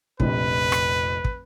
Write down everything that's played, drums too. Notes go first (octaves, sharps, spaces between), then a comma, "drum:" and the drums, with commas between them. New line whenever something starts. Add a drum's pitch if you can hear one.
F1 A#1 F2 B4, drum: kick
drum: rim click
drum: kick